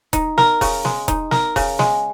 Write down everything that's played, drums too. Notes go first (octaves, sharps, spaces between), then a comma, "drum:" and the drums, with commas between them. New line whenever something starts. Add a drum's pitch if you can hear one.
D#4, drum: kick E1, hi-hat
A#4, drum: snare
C#3, drum: kick E1, open hi-hat
G#3, drum: snare
D#4, drum: kick E1, hi-hat
A#4, drum: snare
C#3, drum: kick E1, open hi-hat
G#3, drum: snare